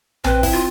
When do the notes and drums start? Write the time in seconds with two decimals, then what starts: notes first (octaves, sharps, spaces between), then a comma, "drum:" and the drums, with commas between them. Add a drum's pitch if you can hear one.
0.24 C4 B4, drum: tom A#1
0.43 E4, drum: kick F1, open hi-hat
0.53 F4